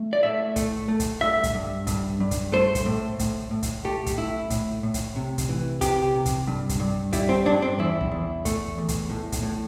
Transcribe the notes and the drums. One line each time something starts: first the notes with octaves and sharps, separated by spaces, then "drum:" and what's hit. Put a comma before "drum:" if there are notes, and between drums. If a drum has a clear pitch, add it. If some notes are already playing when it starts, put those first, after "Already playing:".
Already playing: A3
D5
A2 E5
A3, drum: kick, hi-hat
A3
drum: kick, hi-hat
G2 E5
drum: kick, hi-hat
G2
G2, drum: kick, hi-hat
G2
drum: kick, hi-hat
A3 C5
drum: kick, hi-hat
A2
A2, drum: kick, hi-hat
A2
drum: kick, hi-hat
A3 G4
drum: kick, hi-hat
A2 E4
A2, drum: kick, hi-hat
A2
drum: kick, hi-hat
C3
drum: kick, hi-hat
E3
C3 G4, drum: kick, hi-hat
C3
drum: kick, hi-hat
G2
drum: kick, hi-hat
G2
G3 E4, drum: kick, hi-hat
C4
G2 D4
C4
E2 E4
drum: kick
E2
A3, drum: kick, hi-hat
E2
drum: kick, hi-hat
A2
drum: kick, hi-hat
A2